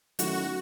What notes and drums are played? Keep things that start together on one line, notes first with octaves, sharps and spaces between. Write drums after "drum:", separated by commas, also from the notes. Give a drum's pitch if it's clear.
D#3 F#3 A3 C#4 E4 F#4, drum: hi-hat